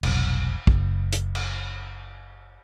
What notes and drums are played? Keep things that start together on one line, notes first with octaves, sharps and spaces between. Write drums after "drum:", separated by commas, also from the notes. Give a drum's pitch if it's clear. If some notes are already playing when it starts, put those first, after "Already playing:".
F1 B1, drum: cymbal
F#1, drum: kick
drum: hi-hat
drum: cymbal